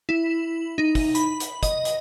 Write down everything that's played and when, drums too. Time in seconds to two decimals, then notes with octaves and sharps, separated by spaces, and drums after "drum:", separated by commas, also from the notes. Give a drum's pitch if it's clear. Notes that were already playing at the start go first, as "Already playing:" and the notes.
0.09 E4
0.78 D#4
0.95 drum: kick, open hi-hat
1.15 B5, drum: hi-hat
1.40 drum: hi-hat
1.63 D#5, drum: kick, hi-hat
1.85 drum: hi-hat